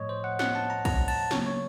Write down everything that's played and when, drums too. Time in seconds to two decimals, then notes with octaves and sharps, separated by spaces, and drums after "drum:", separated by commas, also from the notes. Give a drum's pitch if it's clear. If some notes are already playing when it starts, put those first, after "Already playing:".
Already playing: A2 F3 A3 C#5 D#5
0.09 C5
0.24 F#5
0.39 F#5, drum: snare
0.55 A5
0.70 A#5
0.85 A#5, drum: kick, cymbal
1.08 A5, drum: cymbal
1.31 C#3 F#3 A#3 C#5, drum: snare
1.46 C#5